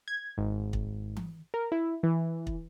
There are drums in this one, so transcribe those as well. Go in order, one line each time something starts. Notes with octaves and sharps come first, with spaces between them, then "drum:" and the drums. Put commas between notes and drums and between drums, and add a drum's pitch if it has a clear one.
G#6
G#1
drum: kick
drum: tom E3
A#4
E4
E3
drum: kick